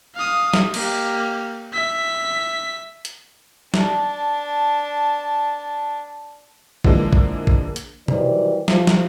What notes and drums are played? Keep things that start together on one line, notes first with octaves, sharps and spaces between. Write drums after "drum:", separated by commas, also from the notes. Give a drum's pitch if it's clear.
F5 D#6
drum: snare
A#3 G4, drum: cymbal
E5 B6
drum: hi-hat
D4 A5, drum: snare
D3 E3 F3 G#3 A#3, drum: kick A1
drum: kick A1
drum: kick A1
drum: hi-hat
D#3 E3 F#3 G3 C5 D5, drum: tom C3
F3 F4, drum: snare
drum: snare